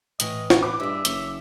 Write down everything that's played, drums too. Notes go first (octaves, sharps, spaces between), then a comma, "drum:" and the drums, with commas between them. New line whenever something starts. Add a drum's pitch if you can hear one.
A2 E3 D#5, drum: hi-hat
drum: snare
B4 D6
G2 G#3 G#4 E5
F#1 C#5, drum: hi-hat